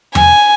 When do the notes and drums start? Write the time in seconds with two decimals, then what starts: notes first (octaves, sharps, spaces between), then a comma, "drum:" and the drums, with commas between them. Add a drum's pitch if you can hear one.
0.15 G#5, drum: tom E2